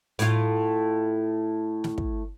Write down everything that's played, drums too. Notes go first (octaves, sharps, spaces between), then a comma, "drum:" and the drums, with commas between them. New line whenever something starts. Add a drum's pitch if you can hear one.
A2 F4, drum: hi-hat
drum: snare
drum: kick